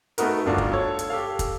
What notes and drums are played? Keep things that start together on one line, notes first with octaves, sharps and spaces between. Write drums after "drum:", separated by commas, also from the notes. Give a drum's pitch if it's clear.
A3 B3 D#4 F#4 A#4, drum: hi-hat
D1 G1 D4 F4 F#4
drum: kick
A4 C#5
drum: hi-hat
G4 A4 F5
drum: kick, hi-hat